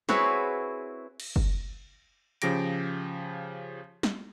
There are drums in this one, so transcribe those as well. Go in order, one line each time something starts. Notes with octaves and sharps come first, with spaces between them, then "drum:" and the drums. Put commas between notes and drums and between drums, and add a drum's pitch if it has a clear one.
C4 E4 F#4 G#4 B4 C#5, drum: snare
drum: cymbal
drum: kick
C#3 F3 G4 A#6 D7, drum: hi-hat
drum: snare